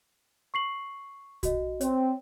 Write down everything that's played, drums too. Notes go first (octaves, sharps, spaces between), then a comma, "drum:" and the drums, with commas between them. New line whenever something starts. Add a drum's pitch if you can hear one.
C#6 C7 F#7
F#4 D#5, drum: kick, hi-hat
C4 C#5, drum: hi-hat